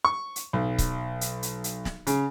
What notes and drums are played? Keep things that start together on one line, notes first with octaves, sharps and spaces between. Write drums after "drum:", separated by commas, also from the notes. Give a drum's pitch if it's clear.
C#6
drum: hi-hat
B1
drum: kick C#1, hi-hat
drum: hi-hat
drum: hi-hat
drum: hi-hat
drum: snare
C#3, drum: hi-hat